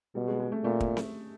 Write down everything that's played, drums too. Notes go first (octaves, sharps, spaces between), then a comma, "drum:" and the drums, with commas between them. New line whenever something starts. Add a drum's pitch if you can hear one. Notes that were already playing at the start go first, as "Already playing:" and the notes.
B2 G3
G#3
G#3
A3
A#2 A3
drum: kick
drum: snare C4